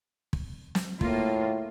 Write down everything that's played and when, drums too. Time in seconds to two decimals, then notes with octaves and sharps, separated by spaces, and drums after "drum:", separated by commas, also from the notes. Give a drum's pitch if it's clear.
0.33 drum: kick
0.75 drum: snare
1.01 A2 A#3 F4, drum: kick